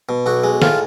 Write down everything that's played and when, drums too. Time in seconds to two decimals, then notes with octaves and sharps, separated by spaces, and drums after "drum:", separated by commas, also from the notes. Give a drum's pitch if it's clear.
0.09 B2
0.26 B1 F#4
0.44 G#3
0.62 A2 F4, drum: snare